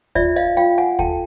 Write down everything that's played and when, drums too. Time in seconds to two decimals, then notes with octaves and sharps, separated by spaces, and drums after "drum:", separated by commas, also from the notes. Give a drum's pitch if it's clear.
0.15 F4 D5 E5, drum: kick
0.36 D#5 F5
0.57 F4 F5 G5
0.78 F#5 G#5
0.99 A4 G5 A5, drum: kick